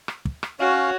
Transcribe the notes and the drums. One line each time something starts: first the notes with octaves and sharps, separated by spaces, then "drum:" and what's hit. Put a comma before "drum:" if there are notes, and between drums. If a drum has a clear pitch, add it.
drum: rim click
drum: kick
drum: rim click
C#4 F#4 C#5 F5